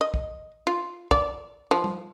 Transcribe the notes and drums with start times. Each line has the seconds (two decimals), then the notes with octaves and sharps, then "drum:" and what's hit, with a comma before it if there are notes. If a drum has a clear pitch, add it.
0.01 D#5
0.14 drum: kick
0.67 F4
1.11 D5, drum: kick
1.71 F3
1.84 drum: tom